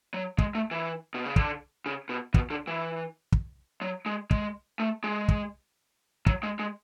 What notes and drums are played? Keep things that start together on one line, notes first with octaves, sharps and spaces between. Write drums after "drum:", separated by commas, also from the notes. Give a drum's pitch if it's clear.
F#3
G#3, drum: kick
A3
E3
B2
C#3
D3, drum: kick
C#3
B2
B2, drum: kick
D3
E3
drum: kick
F#3
G#3
G#3, drum: kick
A3
G#3
drum: kick
F#3, drum: kick
G#3
G#3